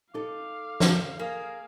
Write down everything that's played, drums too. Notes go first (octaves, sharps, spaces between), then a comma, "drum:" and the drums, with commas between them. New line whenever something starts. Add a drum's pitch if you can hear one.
D#4 A4 F5 D6
drum: snare
A#3 G#4